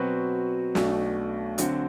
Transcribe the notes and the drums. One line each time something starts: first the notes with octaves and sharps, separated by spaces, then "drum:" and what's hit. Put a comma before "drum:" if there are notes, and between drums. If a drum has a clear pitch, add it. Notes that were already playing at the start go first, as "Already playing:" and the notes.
Already playing: B2 F#3 C4 F#4 B4
B1 B2 A3 D4, drum: snare
D3 F#3 C4 F#4, drum: hi-hat